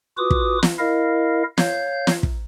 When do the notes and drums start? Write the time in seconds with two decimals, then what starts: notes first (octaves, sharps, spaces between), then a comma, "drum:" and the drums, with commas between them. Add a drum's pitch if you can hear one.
0.18 F4 F#4 B4 D6 D#6
0.30 drum: kick
0.63 drum: snare
0.79 E4 A#4 D#5 F5
1.58 C#5 F5 G6, drum: snare
2.07 drum: snare
2.23 drum: kick